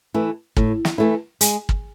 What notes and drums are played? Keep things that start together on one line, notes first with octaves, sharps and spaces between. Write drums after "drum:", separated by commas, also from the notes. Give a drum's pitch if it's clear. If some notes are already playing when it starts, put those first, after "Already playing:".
E3 A3 E4
A2, drum: kick
drum: snare
E3 A3 E4
G#3, drum: hi-hat
drum: kick